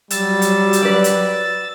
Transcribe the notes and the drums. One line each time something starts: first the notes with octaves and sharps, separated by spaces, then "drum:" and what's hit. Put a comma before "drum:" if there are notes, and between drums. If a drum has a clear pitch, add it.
F#3 G3 E6 A6, drum: hi-hat
drum: hi-hat
drum: hi-hat
B4 D5
drum: hi-hat